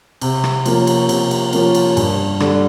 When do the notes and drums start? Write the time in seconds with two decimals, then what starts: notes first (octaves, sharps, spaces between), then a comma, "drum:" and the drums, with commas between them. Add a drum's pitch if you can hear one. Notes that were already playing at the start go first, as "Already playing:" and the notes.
0.21 C3, drum: cymbal
0.44 drum: rim click
0.66 F3 A#3 C#4, drum: cymbal
0.87 drum: cymbal
1.09 C3, drum: cymbal
1.31 drum: cymbal
1.53 F3 A#3 C#4, drum: cymbal
1.75 drum: cymbal
1.97 G2, drum: cymbal
2.40 D3 G3, drum: rim click